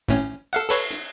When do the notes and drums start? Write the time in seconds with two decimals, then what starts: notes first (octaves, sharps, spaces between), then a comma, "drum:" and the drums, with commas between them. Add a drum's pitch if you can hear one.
0.08 G#1 A2 C#4
0.53 A4 F5 F#5
0.70 A4 B4 C#5, drum: cymbal
0.90 drum: hi-hat